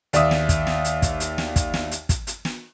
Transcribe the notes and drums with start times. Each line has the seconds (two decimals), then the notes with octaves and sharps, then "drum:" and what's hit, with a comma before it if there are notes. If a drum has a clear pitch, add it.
0.13 D#2 D5 E5 D#6, drum: hi-hat
0.31 drum: snare
0.49 drum: kick, hi-hat
0.67 drum: snare
0.84 drum: hi-hat
1.02 drum: kick, hi-hat
1.20 drum: hi-hat
1.38 drum: snare
1.56 drum: kick, hi-hat
1.74 drum: snare
1.91 drum: hi-hat
2.09 drum: kick, hi-hat
2.27 drum: hi-hat
2.45 drum: snare